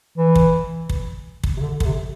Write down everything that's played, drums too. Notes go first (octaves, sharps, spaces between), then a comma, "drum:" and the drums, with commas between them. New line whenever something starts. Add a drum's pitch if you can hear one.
E3
drum: kick
drum: kick
drum: kick
C3
D3
D3, drum: kick
C3